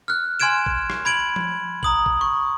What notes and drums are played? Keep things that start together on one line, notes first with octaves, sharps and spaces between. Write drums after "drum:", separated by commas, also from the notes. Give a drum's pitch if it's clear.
F6 F#6
G#5 C6 F6 G#6 D7 E7
drum: kick A1
drum: rim click
B5 G#6 D7 F#7
drum: tom F3
A#5 D#6 F#7, drum: kick A1
drum: kick A1
C#6